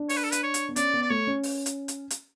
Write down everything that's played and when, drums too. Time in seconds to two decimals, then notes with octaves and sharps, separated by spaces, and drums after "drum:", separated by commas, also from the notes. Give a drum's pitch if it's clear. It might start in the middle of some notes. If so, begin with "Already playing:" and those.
Already playing: D4
0.09 C#5, drum: open hi-hat
0.16 B4
0.24 A4
0.32 B4, drum: hi-hat
0.43 C#5
0.54 drum: hi-hat
0.69 B3
0.76 C#4 D5, drum: hi-hat
0.94 B3
1.02 D5
1.10 A3 C#5
1.27 C#4
1.43 drum: open hi-hat
1.66 drum: hi-hat
1.88 drum: hi-hat
2.10 drum: hi-hat